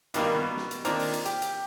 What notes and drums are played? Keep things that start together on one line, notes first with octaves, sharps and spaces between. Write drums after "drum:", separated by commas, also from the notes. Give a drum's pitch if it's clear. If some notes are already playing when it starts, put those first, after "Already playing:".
G2 B2 D#3 G3 A#3, drum: hi-hat
B2
drum: snare
drum: hi-hat
D#3 A#3 C4 D4 F4, drum: hi-hat
drum: open hi-hat
drum: hi-hat
G4, drum: hi-hat
drum: hi-hat